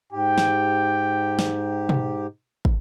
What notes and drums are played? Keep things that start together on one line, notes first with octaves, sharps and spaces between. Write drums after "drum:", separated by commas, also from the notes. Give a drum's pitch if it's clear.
G#2 G4 G5
drum: snare
drum: snare
drum: tom B2
drum: kick